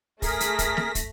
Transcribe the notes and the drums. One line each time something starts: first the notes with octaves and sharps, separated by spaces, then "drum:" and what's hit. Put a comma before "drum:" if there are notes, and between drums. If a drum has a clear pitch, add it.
A3 G#4 A#4 A#6 B6, drum: kick, open hi-hat
drum: hi-hat
drum: kick, hi-hat
drum: snare
drum: kick, hi-hat